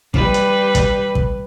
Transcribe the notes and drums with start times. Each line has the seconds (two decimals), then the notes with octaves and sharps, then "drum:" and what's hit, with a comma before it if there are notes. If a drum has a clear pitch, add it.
0.14 G3 B4, drum: kick
0.34 drum: hi-hat
0.75 drum: kick, hi-hat
1.15 drum: kick